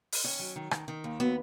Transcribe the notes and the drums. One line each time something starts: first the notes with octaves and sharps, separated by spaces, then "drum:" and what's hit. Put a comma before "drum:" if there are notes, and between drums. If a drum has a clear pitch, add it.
drum: open hi-hat
D#3 C#4
F#3
D#3
D#3, drum: rim click
D#3
D#2
F#3 B3